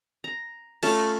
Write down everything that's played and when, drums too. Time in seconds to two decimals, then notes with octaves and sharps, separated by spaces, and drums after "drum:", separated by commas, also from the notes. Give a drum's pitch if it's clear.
0.24 A#5
0.83 A3 C#4 F4 A5, drum: cymbal